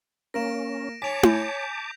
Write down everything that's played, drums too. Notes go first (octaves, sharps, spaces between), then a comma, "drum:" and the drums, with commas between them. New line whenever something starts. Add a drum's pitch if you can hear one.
A#3 C#4 A#4 A#6 D7 E7
C#5 G#5 A5 D6 B6 F7
G#5 G6, drum: tom E4